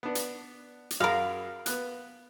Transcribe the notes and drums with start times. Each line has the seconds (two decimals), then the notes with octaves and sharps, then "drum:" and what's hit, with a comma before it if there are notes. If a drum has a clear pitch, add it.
0.03 B3 D4
0.15 drum: hi-hat
0.90 drum: hi-hat
1.00 F#2 G#4 A#4 F5 B5
1.66 B3 F#6, drum: hi-hat